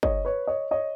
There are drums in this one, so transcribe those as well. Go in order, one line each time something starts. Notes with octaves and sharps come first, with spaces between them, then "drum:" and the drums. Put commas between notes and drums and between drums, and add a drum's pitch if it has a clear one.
C#5 D#5, drum: kick
B4 C#5
C#5 D#5
C#5 D#5